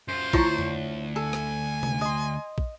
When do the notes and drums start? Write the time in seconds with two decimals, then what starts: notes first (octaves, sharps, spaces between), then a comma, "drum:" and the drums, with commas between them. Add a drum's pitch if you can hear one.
0.08 F#2 F4 C5
0.33 D2 E4 F4 C#5 A5 C#6, drum: kick
0.58 drum: tom F2
1.16 A4 G#5
1.33 drum: rim click
1.83 drum: tom C3
2.01 D#5 C6
2.58 drum: kick